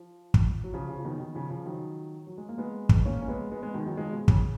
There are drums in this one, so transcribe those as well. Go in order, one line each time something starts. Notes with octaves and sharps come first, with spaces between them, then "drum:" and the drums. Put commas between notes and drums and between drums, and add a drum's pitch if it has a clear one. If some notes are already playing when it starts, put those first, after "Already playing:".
Already playing: F3
drum: kick
F#3
C#3 F3
C#3
F3
B2 D#3
B2 D#3
C#3 F3
C#3 F3
D#3 F#3
F#3
G#3
A#3
G#3 B3
drum: kick
A#3 C#4
C#4
G#3 B3
G#3 B3
G#3 B3
B2 D#3
D#3 F#3
F3 G#3
B2
C#3, drum: kick